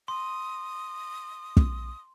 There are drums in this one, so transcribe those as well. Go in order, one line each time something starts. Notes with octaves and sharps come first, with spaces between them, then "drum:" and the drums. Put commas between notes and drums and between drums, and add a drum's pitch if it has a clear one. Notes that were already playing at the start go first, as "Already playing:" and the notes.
C6 D#6
drum: kick